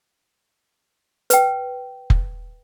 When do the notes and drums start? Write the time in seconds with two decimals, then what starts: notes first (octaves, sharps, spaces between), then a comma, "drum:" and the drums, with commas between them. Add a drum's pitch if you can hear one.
1.30 B4 G5, drum: hi-hat
2.10 drum: kick F1